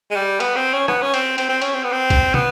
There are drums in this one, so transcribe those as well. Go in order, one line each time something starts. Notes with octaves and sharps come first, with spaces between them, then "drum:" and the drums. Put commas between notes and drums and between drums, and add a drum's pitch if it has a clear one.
G#3
G3
B3, drum: cymbal
C4
C#4
B3, drum: rim click
C#4
C4, drum: cymbal
C4, drum: cymbal
C4
C#4, drum: cymbal
C4
B3
C4
drum: kick, cymbal
B3, drum: tom